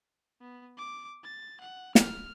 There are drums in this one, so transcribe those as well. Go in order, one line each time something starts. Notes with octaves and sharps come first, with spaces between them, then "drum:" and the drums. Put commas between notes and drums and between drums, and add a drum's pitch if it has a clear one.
B3
D6
A6
F#5
F6, drum: snare